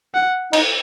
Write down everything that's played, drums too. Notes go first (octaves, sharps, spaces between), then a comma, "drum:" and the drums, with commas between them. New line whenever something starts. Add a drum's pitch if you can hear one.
F#5
D#4, drum: cymbal